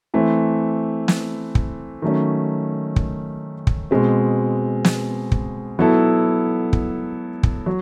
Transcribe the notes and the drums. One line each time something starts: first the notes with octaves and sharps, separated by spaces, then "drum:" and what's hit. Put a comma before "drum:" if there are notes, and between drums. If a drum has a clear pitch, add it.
E3 A3 C4
drum: snare
drum: kick
D#3 F#3 A3 C#4
drum: kick
drum: kick
B2 G#3 C4
drum: snare
drum: kick
F#3 B3 E4 A4
drum: kick
drum: kick
F#3